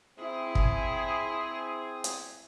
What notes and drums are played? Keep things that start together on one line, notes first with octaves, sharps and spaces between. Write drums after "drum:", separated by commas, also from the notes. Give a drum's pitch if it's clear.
C4 E4 G#4
drum: kick
drum: hi-hat